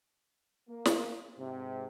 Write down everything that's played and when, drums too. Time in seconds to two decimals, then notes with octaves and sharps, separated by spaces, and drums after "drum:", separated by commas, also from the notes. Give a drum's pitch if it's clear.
0.69 A#3
0.85 drum: snare
1.38 G#2 C3